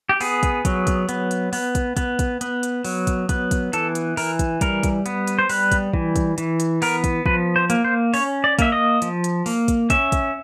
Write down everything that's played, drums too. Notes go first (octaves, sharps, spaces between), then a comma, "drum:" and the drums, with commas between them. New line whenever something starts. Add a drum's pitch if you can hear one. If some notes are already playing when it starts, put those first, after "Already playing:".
G4
B3 G#4, drum: open hi-hat
drum: kick, hi-hat
F#3, drum: kick, hi-hat
drum: kick, hi-hat
B3, drum: hi-hat
drum: hi-hat
B3, drum: open hi-hat
drum: kick, hi-hat
B3, drum: kick, hi-hat
drum: kick, hi-hat
B3, drum: hi-hat
drum: hi-hat
F#3, drum: open hi-hat
drum: kick, hi-hat
B3, drum: kick, hi-hat
drum: kick, hi-hat
E3 A4, drum: hi-hat
drum: hi-hat
E3 A#4, drum: open hi-hat
drum: kick, hi-hat
G3 A#4, drum: kick, hi-hat
drum: kick, hi-hat
B3, drum: hi-hat
drum: hi-hat
C5
G3 B4, drum: open hi-hat
drum: kick, hi-hat
E3, drum: kick
drum: kick, hi-hat
E3, drum: hi-hat
drum: hi-hat
B3 A#4, drum: open hi-hat
drum: kick, hi-hat
F3 B4, drum: kick
C5
A#3, drum: hi-hat
C5
C#4 C#5, drum: open hi-hat
D5
A#3 E5, drum: kick, hi-hat
D#5
F3, drum: hi-hat
drum: hi-hat
A#3, drum: open hi-hat
drum: kick, hi-hat
C#4 E5, drum: kick, hi-hat
drum: kick, hi-hat